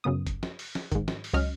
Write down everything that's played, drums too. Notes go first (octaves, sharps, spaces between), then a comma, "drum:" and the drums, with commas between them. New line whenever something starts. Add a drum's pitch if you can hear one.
F#2 C#3 B3 D#6
drum: kick, hi-hat
drum: snare
drum: open hi-hat
drum: snare
G#2 D#3, drum: kick, hi-hat
drum: snare
drum: open hi-hat
C#2 F#3 C#4 D#5 F6